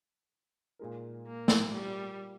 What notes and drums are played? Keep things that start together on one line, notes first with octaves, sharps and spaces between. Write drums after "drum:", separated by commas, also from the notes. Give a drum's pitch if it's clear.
A#2 G#3 D#4 A#4
A#3
drum: snare
G3